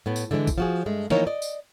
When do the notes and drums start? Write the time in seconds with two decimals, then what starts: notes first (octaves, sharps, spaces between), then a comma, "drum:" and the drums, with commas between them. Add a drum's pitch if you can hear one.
0.06 A2 B3
0.16 drum: tambourine
0.31 D3 E3 G#3 B3 D4
0.47 drum: kick, tambourine
0.58 F3 F#4 G#4
0.86 G2 G#3 A3
1.10 E3 F3 A#3 D#4 A#4 C#5, drum: snare
1.27 D5 D#5
1.42 drum: tambourine